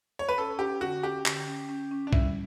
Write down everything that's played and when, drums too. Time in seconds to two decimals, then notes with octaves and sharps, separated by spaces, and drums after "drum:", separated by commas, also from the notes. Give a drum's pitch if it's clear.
0.19 C#5
0.29 B4
0.37 C#4 A4
0.59 C#4 G4
0.81 D3 F#4
1.03 C#4 G4
1.26 D3, drum: clap
1.47 C#4
1.69 C#4
1.91 C#4
2.07 D4
2.13 G3 E4, drum: kick B1